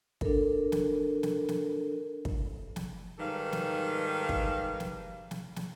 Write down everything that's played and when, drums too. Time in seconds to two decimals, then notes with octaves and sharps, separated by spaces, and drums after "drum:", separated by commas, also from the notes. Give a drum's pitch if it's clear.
0.21 D4 A4 A#4, drum: kick
0.72 drum: snare
1.23 drum: snare
1.49 drum: snare
2.25 drum: kick
2.76 drum: snare
3.18 G#2 D#3 G3 A4 B4 F5
3.52 drum: snare
4.29 drum: kick
4.80 drum: snare
5.31 drum: snare
5.56 drum: snare